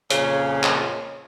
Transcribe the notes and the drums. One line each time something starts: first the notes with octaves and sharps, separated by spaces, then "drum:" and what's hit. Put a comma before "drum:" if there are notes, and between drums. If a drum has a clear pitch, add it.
F2 A#2 C#3 C#5, drum: hi-hat
drum: clap